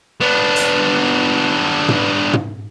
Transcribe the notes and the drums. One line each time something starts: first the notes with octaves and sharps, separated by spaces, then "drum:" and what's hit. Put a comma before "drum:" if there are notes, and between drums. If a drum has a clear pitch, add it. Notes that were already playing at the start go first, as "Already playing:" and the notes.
B3 D4
drum: hi-hat
drum: tom
drum: tom